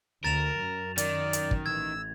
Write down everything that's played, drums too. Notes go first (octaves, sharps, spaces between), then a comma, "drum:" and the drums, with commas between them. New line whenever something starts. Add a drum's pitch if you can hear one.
D2 A#4 A6 E7 F7
F#2
D#3 D5, drum: hi-hat
drum: hi-hat
drum: kick
A1 E6 G#6